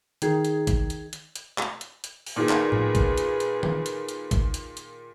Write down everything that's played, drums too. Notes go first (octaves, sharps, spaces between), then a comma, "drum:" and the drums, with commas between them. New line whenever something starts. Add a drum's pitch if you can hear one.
D#3 D#4 G#4 G#6, drum: hi-hat
drum: hi-hat
drum: kick, hi-hat
drum: hi-hat
drum: hi-hat
drum: hi-hat
drum: clap
drum: hi-hat
drum: hi-hat
drum: open hi-hat
A#2 D#3 G#4 B4
drum: clap
drum: tom A2
drum: kick, hi-hat
drum: hi-hat
drum: hi-hat
drum: tom D#3
drum: hi-hat
drum: hi-hat
drum: kick, hi-hat
drum: hi-hat
drum: hi-hat